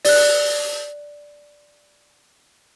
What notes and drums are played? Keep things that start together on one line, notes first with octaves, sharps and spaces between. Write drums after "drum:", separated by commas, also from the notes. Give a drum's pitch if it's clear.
D5 F#6, drum: open hi-hat